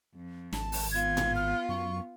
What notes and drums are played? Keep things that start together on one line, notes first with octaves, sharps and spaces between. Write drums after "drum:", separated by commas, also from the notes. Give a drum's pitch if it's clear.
F2
G#1 A5, drum: snare
drum: open hi-hat
B3 F4 G#6
drum: tom A2
F6
F#2 C#6